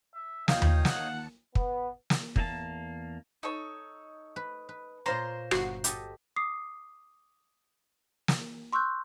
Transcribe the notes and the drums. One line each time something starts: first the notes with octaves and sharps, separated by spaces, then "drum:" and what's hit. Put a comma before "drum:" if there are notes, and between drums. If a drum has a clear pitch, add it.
E5
D#2 D#4 F4 C#5 F5 G5 D#6, drum: snare
drum: tom D#2
D#2 F#5 A5 C#7, drum: snare
B3, drum: kick
drum: snare
E2 A#3 D#4 A5, drum: kick
D#4 A4 C#5
B4
B4
A#2 F4 C5 C#5 A#5 C6
G1 F#4 C7, drum: rim click
G4 A4 D#5, drum: hi-hat
D6 D#6 C7
drum: snare
C6 C#6 E6 F#6 G6